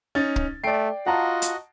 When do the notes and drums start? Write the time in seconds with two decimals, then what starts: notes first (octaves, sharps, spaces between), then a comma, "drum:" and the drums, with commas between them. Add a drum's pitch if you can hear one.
0.15 C#4 D#4 A6
0.36 drum: kick
0.64 A3 D5 G5 C7 D7
1.07 F4 F#4 D#5 F#5 A5 A#5
1.42 drum: hi-hat